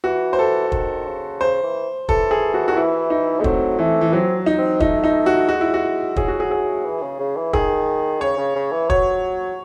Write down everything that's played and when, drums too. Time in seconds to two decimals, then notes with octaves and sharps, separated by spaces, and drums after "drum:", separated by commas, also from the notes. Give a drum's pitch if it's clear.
0.04 E3 F#4
0.33 C5
0.39 A4
0.68 E3
0.72 D#3, drum: kick
1.07 C#3
1.41 C#3 C5
1.63 E3
2.09 E3 A4, drum: kick
2.31 G#4
2.54 F#4
2.68 D#3 F#4
2.76 E3 E4
3.10 D#4
3.40 G#3 A3
3.44 F#3 C4, drum: kick
3.79 E3 A3
4.01 E3
4.13 F#3 C4
4.46 D#4
4.58 C4
4.80 A3 D#4, drum: kick
5.04 D#4
5.26 F#4
5.48 G#3 F#4
5.61 E4
5.74 F#4
6.16 F#3 G#4, drum: kick
6.28 F#4
6.40 G#4
6.51 G#4
6.85 E3
7.02 C#3
7.19 C#3
7.37 E3
7.53 D#3 G#4, drum: kick
8.21 C#3 C#5
8.38 C#3
8.56 C#3
8.72 E3
8.90 F#3 C#5, drum: kick